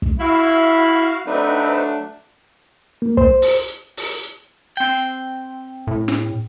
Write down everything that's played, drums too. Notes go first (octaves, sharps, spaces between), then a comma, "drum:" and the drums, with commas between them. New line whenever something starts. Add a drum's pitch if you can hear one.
drum: kick
E4 F#4 F5
F#3 A3 C4 D4 D#4 B4
A#3
C5, drum: kick
drum: open hi-hat
drum: open hi-hat
C4 G5
A2
drum: snare